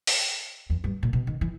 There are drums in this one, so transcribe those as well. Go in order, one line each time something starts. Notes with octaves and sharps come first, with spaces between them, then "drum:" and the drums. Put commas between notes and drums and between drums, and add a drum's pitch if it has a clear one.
drum: open hi-hat
E2
G2
A#2
B2
D#3
E3